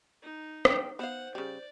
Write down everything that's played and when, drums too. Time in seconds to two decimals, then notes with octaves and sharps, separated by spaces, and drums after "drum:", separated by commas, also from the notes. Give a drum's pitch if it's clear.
0.22 D#4
0.65 G5, drum: rim click
0.99 B3 C5 F5 F#5
1.35 C#3 G3 D5